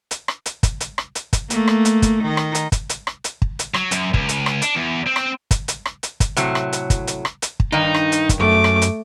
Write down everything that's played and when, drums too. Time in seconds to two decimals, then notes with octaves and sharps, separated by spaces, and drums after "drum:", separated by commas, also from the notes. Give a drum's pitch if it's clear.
0.11 drum: hi-hat
0.28 drum: rim click
0.46 drum: hi-hat
0.63 drum: kick, hi-hat
0.80 drum: hi-hat
0.98 drum: rim click
1.15 drum: hi-hat
1.33 drum: kick, hi-hat
1.50 A3 A#3, drum: hi-hat
1.68 drum: rim click
1.85 drum: hi-hat
2.02 drum: kick, hi-hat
2.23 D#3 D#4
2.37 drum: rim click
2.55 drum: hi-hat
2.72 drum: kick, hi-hat
2.89 drum: hi-hat
3.07 drum: rim click
3.24 drum: hi-hat
3.42 drum: kick
3.59 drum: hi-hat
3.74 F#3, drum: rim click
3.91 F#2, drum: hi-hat
4.14 C#2, drum: kick
4.29 drum: hi-hat
4.46 drum: rim click
4.62 D4, drum: hi-hat
4.76 E2
5.06 C4
5.16 drum: rim click
5.51 drum: kick, hi-hat
5.68 drum: hi-hat
5.85 drum: rim click
6.03 drum: hi-hat
6.20 drum: kick, hi-hat
6.37 A2 C3 F#3, drum: hi-hat
6.55 drum: rim click
6.73 drum: hi-hat
6.90 drum: kick, hi-hat
7.07 drum: hi-hat
7.25 drum: rim click
7.42 drum: hi-hat
7.60 drum: kick
7.72 G2 D#3 D#4
7.94 drum: rim click
8.12 drum: hi-hat
8.29 drum: kick, hi-hat
8.40 F#2 A3 D6
8.64 drum: rim click
8.82 drum: hi-hat